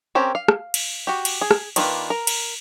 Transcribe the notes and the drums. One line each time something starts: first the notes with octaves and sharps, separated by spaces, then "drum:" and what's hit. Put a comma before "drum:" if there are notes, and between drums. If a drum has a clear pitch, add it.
C4 C#4 G4 A#4
F5
drum: rim click
drum: cymbal
F#4 G4
drum: cymbal
G#4
drum: rim click
D#3 A#3 D4 F4 B4, drum: cymbal
A#4
drum: cymbal